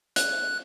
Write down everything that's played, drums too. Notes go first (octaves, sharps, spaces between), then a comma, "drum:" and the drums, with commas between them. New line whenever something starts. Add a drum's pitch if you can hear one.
F#6, drum: hi-hat